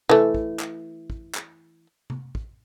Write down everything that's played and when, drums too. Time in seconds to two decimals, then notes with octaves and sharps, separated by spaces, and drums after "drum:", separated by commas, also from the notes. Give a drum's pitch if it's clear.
0.09 E3 A3, drum: tom C3
0.35 drum: kick
0.60 drum: clap
1.10 drum: kick
1.35 drum: clap
2.10 drum: tom C3
2.35 drum: kick